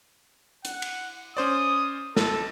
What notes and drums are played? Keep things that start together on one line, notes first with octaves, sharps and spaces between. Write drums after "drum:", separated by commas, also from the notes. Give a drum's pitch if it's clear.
F#5, drum: hi-hat
drum: cymbal
C#4 C5 D5 D#6
A1 A4, drum: snare